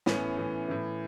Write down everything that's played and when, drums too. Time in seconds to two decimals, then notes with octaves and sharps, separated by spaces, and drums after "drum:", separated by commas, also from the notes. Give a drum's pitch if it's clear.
0.06 A2 E3 B3 C#4, drum: snare
0.37 A2 E3
0.68 A2 E3